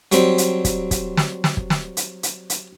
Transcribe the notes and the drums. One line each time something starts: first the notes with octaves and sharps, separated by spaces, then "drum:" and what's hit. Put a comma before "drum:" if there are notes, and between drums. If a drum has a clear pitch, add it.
F#3 G3 C4, drum: hi-hat
drum: hi-hat
drum: kick, hi-hat
drum: kick, hi-hat
drum: snare
drum: snare
drum: kick
drum: snare
drum: hi-hat
drum: hi-hat
drum: hi-hat